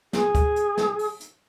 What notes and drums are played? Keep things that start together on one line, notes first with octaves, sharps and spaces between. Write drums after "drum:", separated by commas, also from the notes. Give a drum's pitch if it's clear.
G#4, drum: snare
drum: kick, hi-hat
drum: hi-hat
drum: snare
drum: open hi-hat
drum: hi-hat